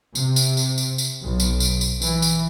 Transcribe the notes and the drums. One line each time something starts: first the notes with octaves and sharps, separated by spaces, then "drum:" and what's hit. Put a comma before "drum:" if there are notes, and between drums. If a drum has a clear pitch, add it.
C3, drum: tambourine
drum: tambourine
drum: tambourine
drum: tambourine
drum: tambourine
B1
drum: tambourine
drum: tambourine
drum: tambourine
E3, drum: tambourine
drum: tambourine